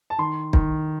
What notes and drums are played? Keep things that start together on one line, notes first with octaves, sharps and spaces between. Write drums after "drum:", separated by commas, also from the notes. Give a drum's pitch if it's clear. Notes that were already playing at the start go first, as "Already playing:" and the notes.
A5
D#3 C6
D#3, drum: kick